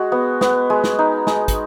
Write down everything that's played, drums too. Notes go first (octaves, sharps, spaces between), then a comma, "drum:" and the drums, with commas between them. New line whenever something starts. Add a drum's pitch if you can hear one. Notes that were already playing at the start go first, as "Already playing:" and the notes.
Already playing: G#3 F#4
B3
B3, drum: snare
G#3
drum: snare
D#4
G#3, drum: snare
drum: kick, hi-hat